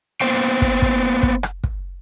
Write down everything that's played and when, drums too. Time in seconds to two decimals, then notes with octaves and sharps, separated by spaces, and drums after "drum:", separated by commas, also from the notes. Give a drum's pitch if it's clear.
0.21 A#3 B3 C5 G5
0.62 drum: kick
0.82 drum: kick
1.23 drum: kick
1.43 drum: rim click
1.64 drum: kick